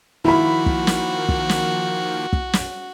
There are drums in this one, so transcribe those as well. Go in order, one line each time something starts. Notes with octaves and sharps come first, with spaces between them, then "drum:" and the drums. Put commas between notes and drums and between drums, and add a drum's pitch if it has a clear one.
D#3 F3 A#3 E4 F#4 B5
drum: kick
drum: snare
drum: kick
drum: snare
drum: kick
drum: snare